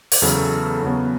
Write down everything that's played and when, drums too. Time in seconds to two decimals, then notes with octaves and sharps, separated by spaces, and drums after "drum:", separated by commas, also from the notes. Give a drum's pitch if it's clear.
0.12 drum: open hi-hat
0.22 E2 C#3 F#3 B3 A4
0.82 E2 C#3 F#3 B3